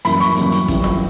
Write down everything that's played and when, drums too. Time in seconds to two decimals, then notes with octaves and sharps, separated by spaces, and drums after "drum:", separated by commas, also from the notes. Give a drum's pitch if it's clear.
0.05 F#2 E3 G3 A#3 B5, drum: hi-hat
0.20 C#6, drum: hi-hat
0.36 F#2 E3 G3 A#3, drum: hi-hat
0.52 drum: hi-hat
0.68 F#2 E3 G3, drum: kick, hi-hat
0.84 drum: snare F4